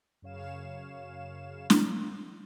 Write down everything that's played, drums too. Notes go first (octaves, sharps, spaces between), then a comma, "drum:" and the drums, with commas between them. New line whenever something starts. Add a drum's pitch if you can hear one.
F#2 C#3 C#5 F5 E7
drum: snare